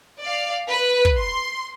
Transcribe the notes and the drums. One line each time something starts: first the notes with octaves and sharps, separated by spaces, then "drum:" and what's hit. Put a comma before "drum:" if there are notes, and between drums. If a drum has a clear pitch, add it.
D5 F5
B4
drum: kick
C6